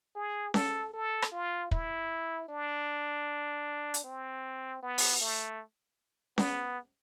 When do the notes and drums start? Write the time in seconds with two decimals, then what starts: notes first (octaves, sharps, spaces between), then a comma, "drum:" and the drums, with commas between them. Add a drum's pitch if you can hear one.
0.15 G#4
0.54 A4, drum: snare C#4
0.94 A4
1.22 drum: rim click
1.32 F4
1.71 E4, drum: kick
2.48 D4
3.94 drum: hi-hat
4.04 C4
4.83 B3
4.98 drum: open hi-hat
5.21 A3
6.38 B3, drum: snare C#4